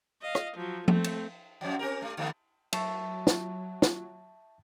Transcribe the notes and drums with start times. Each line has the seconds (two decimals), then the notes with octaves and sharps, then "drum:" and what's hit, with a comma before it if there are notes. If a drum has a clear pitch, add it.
0.22 D#5 F5
0.35 drum: rim click
0.57 F3 F#3
0.88 A3 C4, drum: tom F3
1.04 drum: cymbal
1.61 F2 F3 F#3
1.79 C4 G4 A#4
2.01 G2 A3
2.18 D3 A3 B3
2.73 F#3 E5 A5 C#6, drum: cymbal
3.27 drum: snare
3.82 drum: snare